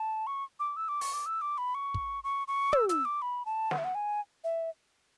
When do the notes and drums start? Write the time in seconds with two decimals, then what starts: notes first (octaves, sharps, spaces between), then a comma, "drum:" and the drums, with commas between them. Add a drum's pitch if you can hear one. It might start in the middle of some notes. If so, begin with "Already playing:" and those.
Already playing: A5
0.27 C#6
0.60 D6
0.77 E6
0.89 D6
1.01 C#6, drum: open hi-hat
1.13 D6
1.26 E6
1.41 D6
1.58 B5
1.75 C#6
1.94 drum: kick
2.24 C#6
2.48 C#6
2.73 E6, drum: tom
2.89 E6, drum: hi-hat
3.05 D6
3.22 B5
3.46 A5
3.71 F#5, drum: snare
3.78 E5
3.84 F#5
3.95 G#5
4.44 E5